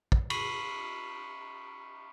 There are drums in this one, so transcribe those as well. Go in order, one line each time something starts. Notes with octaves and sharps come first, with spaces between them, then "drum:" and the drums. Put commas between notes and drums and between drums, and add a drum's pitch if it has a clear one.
drum: kick
B5 C#6 B6 C7 D#7 F#7, drum: cymbal